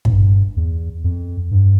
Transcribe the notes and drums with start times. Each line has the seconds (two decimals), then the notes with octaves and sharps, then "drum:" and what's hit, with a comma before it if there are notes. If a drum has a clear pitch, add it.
0.05 A2, drum: kick
0.10 G2
0.56 E2
1.04 F2
1.51 G2